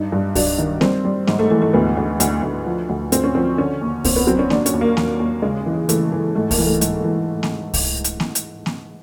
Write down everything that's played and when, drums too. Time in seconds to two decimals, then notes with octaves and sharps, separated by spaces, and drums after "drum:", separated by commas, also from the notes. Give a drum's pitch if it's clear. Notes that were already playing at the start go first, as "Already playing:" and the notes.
Already playing: G2 D#4
0.12 G2
0.35 F#3 D4, drum: kick C2, open hi-hat
0.58 D#3
0.81 G3 C4, drum: snare A#3
1.05 G3
1.27 G#2, drum: snare A#3
1.39 A3
1.50 E3 A3
1.62 A3
1.73 D2 B3
1.97 D2
2.20 D2, drum: hi-hat
2.42 D2
2.66 F3
2.89 D2
3.12 D2 C4, drum: hi-hat
3.24 C#4
3.35 F3 C4
3.58 D3 C#4
3.81 D#2
4.04 D#2 C4, drum: kick C2, open hi-hat
4.16 B3
4.27 F#3 C4
4.39 C#4
4.50 D#2 D4, drum: snare A#3
4.66 C#4, drum: hi-hat
4.73 D#2
4.81 A#3
4.97 D#2, drum: snare A#3
5.20 D#2
5.42 C#3 G#3
5.66 E3
5.89 E3 A3, drum: hi-hat
6.12 E3
6.35 G#2 A3
6.51 A#3, drum: kick C2, open hi-hat
6.58 E3
6.66 A3
6.81 G#2, drum: hi-hat
7.04 E3
7.43 drum: snare A#3
7.74 drum: kick C2, open hi-hat
8.04 drum: hi-hat
8.20 drum: snare A#3
8.35 drum: hi-hat
8.66 drum: snare A#3